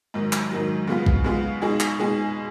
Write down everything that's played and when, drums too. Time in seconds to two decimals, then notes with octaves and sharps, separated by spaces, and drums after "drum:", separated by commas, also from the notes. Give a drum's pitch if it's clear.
0.14 G#2 D#3 F#3
0.33 drum: clap
0.51 G#2 D#3 F#3
0.87 C#3 G#3 B3 F4
1.06 drum: kick A#1
1.24 C#3 G#3 B3 F4
1.62 B2 G#3 D#4 G#4
1.80 drum: clap
1.99 B2 G#3 D#4 G#4